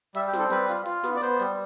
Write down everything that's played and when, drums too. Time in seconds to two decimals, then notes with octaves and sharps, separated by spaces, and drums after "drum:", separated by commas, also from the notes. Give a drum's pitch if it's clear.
0.15 G3 E5, drum: open hi-hat
0.27 G4
0.33 C4, drum: snare
0.39 A4
0.50 G3 B4, drum: hi-hat
0.69 F4, drum: hi-hat
0.86 F4, drum: open hi-hat
1.04 B3, drum: snare
1.16 D5
1.21 B3 C5, drum: hi-hat
1.40 G3, drum: hi-hat